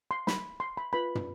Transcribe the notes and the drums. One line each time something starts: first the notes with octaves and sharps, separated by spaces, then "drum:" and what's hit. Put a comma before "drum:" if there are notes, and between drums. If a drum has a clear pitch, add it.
C6
B5, drum: snare
C6
B5
F4 B4 B5
drum: tom